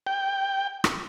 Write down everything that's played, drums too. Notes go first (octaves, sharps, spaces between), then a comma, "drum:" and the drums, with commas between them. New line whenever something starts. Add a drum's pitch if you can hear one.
G5
drum: rim click